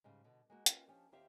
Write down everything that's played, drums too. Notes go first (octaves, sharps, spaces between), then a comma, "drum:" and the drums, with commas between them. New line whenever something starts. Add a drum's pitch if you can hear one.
G#2 C#3 G3
B2 D3
G#3 A#3 F#4
C4 C#4 F4 F#4 A#4 B4, drum: hi-hat
F3 C#4 D4 G4
D#2 D#3 C4 G4 E5 F5